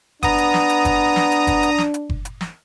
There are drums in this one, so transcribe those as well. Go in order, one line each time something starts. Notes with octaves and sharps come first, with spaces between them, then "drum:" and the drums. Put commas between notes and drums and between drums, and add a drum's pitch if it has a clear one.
B3 D4 A#5 D#6, drum: kick F#1, hi-hat
drum: hi-hat
drum: snare
drum: hi-hat
drum: kick F#1, hi-hat
drum: snare
drum: hi-hat
drum: kick F#1, hi-hat
drum: hi-hat
drum: snare
drum: hi-hat
drum: kick F#1
drum: hi-hat
drum: snare